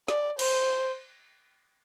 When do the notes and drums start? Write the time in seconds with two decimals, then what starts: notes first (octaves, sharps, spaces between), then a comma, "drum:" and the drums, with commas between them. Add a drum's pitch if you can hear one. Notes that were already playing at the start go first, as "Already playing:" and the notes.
0.08 D5, drum: snare
0.39 C5, drum: cymbal